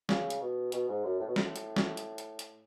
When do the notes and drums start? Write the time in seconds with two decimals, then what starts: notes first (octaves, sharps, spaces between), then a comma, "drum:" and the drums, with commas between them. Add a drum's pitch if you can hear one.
0.09 C#3, drum: snare
0.30 drum: hi-hat
0.41 B2
0.72 B2, drum: hi-hat
0.88 G#2
1.04 F#2
1.19 A2
1.28 B2
1.36 A2, drum: snare
1.56 drum: hi-hat
1.76 drum: snare
1.97 drum: hi-hat
2.18 drum: hi-hat
2.39 drum: hi-hat